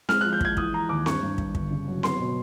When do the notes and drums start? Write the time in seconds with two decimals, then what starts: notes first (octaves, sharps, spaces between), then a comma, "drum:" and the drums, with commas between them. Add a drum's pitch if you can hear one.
0.09 G#3 F6, drum: snare C4
0.21 F3 F#6
0.33 G6
0.41 G#3 G#6, drum: kick
0.57 E3 D#6, drum: kick
0.73 E3 A#5
0.89 D#2 D6
1.06 G2 C#6, drum: snare C4
1.22 G2
1.38 G2, drum: kick
1.55 G1, drum: kick
1.71 C#3
1.88 F#3
2.03 B3 C6, drum: snare C4
2.20 B2